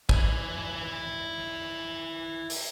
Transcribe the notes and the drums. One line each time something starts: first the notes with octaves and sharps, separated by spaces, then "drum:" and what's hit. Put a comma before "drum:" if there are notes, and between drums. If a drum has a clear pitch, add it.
E4 G#5, drum: kick
drum: open hi-hat